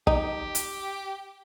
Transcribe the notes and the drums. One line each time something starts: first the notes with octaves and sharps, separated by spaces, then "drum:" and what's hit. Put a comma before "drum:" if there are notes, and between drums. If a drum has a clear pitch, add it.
D#4 G4, drum: kick
drum: hi-hat